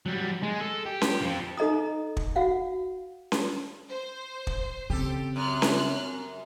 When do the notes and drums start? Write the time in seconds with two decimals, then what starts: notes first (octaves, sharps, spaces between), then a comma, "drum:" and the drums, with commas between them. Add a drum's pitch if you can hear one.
0.06 F#3 G3
0.43 G#3
0.60 A4
0.86 G4
1.01 drum: snare C#4
1.21 F3 C4
1.57 D#4 A4 D#5 A#5 D#6
2.17 drum: kick
2.36 F#4 F5 F#5
3.32 drum: snare C#4
3.89 C5
4.47 drum: kick
4.90 C#3 C4 G4 A4
5.36 F#2 F6 F#6
5.62 drum: snare C#4